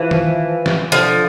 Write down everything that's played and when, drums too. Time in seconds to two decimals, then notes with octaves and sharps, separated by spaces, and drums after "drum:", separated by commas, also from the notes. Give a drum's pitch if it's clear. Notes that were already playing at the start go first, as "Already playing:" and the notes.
Already playing: E3 F3
0.11 drum: tom D#3
0.66 drum: snare
0.92 D3 F3